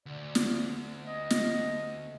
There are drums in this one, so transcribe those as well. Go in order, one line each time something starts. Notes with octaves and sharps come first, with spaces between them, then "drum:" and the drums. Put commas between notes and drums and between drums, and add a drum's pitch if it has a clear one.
D2 D5
drum: snare
D#5
drum: snare